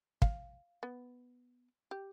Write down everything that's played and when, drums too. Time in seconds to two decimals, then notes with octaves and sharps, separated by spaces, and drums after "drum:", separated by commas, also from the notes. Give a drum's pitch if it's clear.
0.22 F5, drum: kick
0.83 B3
1.91 G4